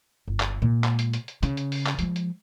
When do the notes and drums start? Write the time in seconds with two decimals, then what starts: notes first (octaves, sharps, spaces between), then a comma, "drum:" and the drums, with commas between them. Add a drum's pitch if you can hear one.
0.28 G1
0.40 drum: clap
0.62 A#2 G#3
0.84 drum: clap
0.99 drum: hi-hat
1.13 drum: hi-hat
1.28 drum: hi-hat
1.43 C#3, drum: hi-hat
1.57 drum: hi-hat
1.72 drum: open hi-hat
1.87 drum: clap
1.99 F3 G#3, drum: hi-hat
2.16 drum: hi-hat